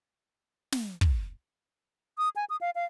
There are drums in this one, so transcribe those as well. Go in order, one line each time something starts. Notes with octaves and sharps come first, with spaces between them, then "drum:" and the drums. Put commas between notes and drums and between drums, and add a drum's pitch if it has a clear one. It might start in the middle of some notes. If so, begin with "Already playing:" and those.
drum: snare
drum: kick
D#6
G#5
D#6
F5
F5